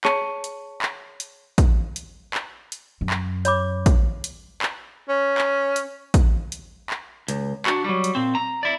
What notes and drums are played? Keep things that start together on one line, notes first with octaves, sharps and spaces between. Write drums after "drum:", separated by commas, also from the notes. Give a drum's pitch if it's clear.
G#4 C#5 A5 C#6 C#7 D#7, drum: clap
drum: hi-hat
drum: clap
drum: hi-hat
drum: kick, hi-hat
drum: hi-hat
drum: clap
drum: hi-hat
F#2
drum: clap
C#5 B5 D6, drum: hi-hat
drum: kick, hi-hat
drum: hi-hat
drum: clap
C#4
drum: clap
drum: hi-hat
drum: kick, hi-hat
drum: hi-hat
drum: clap
C#2, drum: hi-hat
D4 F#4, drum: clap
F#3 G3
drum: hi-hat
A#2 C4
A#5
E4 D5